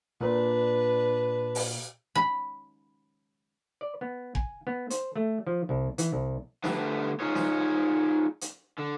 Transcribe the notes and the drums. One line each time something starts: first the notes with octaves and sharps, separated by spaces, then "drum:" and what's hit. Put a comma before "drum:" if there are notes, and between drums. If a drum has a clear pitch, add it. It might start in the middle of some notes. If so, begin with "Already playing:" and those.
A#2 D4 B4
drum: open hi-hat
B5
D5
B3
G#5, drum: kick F1
B3
C5, drum: hi-hat
A3
F3
C2
E3, drum: hi-hat
C2
D3 G3 A3 B3, drum: snare
D#4 F4 G#4 C#5
drum: snare
drum: hi-hat
D3